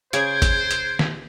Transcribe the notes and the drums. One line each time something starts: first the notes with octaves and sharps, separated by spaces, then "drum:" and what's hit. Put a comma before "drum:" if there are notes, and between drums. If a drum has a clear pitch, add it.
C#3 G#4 C5 G#6 D7, drum: hi-hat
drum: kick G#1, hi-hat
drum: hi-hat
drum: snare